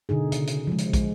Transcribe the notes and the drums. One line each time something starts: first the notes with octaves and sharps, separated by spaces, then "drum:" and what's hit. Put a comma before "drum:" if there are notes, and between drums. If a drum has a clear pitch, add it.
B2 D3 D#4 G#4
C#3, drum: hi-hat
drum: hi-hat
F3 G#3
drum: hi-hat
G#3, drum: kick, hi-hat